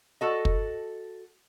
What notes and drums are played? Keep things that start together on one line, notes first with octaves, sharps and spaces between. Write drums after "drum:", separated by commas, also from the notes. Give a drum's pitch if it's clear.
F#4 A4 D#5
drum: kick